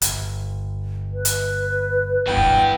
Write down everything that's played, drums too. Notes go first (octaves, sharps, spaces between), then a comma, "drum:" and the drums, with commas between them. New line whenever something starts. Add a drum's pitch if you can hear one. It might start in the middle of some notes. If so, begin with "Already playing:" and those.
G1, drum: hi-hat
B4
drum: hi-hat
G#1 G2 B3 E4 G5
drum: kick